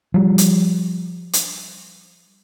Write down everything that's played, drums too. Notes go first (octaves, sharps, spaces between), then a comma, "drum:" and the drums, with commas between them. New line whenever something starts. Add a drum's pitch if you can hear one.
F3 G3
drum: hi-hat
drum: hi-hat